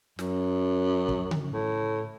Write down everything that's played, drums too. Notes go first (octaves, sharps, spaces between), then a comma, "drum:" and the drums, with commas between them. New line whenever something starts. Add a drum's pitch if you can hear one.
F#2, drum: snare
drum: kick
drum: tom C#3
A2